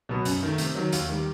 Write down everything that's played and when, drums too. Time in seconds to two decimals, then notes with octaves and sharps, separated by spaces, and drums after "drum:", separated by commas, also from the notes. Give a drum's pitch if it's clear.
0.09 B2 F#3 B3
0.25 F#2, drum: hi-hat
0.43 D#3 A3
0.58 C3, drum: hi-hat
0.75 D#3 F#3
0.93 D#2, drum: hi-hat
1.09 D#3 G3